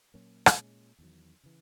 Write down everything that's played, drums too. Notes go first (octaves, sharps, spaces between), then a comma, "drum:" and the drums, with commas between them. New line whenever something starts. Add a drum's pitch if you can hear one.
A#2 F#3 A#3 C#4
drum: rim click
A#2 G#3 C#4
E2 D#3 F#3
C#3 E3